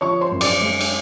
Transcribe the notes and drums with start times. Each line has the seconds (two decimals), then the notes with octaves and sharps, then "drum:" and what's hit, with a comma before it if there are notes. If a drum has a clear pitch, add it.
0.01 F3 C#5 C#6
0.21 C5 C6
0.31 F#2
0.41 D5 D6, drum: cymbal
0.61 G#3
0.81 drum: cymbal